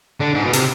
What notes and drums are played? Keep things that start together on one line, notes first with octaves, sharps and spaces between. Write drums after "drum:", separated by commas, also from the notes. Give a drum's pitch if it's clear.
D3
G#2
B2
C3, drum: hi-hat